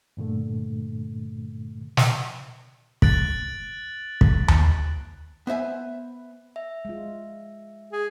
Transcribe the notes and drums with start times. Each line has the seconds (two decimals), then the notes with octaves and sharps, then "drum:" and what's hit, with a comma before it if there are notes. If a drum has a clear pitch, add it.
0.17 G2 A#2 D3 A3
1.97 drum: snare
3.02 F#6 A6 D7 F#7, drum: kick
4.21 drum: kick
4.48 drum: tom D#2
5.47 B3 C5 E5 G#5
6.56 E5
6.85 G#3 F4
7.92 G#4